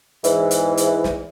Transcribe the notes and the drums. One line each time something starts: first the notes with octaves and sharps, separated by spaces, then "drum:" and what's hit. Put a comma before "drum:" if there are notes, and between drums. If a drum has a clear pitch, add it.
E2 G#2 E3, drum: hi-hat
drum: hi-hat
drum: hi-hat
drum: snare